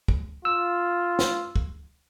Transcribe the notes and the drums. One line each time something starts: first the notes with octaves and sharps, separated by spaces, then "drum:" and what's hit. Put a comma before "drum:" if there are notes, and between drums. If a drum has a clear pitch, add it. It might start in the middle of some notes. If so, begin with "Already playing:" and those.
drum: kick
F4 E6
drum: snare
drum: kick